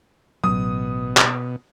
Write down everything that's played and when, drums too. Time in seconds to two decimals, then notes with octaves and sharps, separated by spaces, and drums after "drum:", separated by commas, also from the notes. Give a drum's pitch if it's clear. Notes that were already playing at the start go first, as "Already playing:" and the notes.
0.44 A1 B2 F#3 D#6
1.17 drum: clap